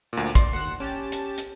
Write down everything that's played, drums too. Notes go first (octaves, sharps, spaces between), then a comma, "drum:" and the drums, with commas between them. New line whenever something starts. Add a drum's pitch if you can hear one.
D2 A#2
D5 C6, drum: kick, hi-hat
D#2 F#5 E7
C#4 G4 A5
drum: hi-hat
drum: hi-hat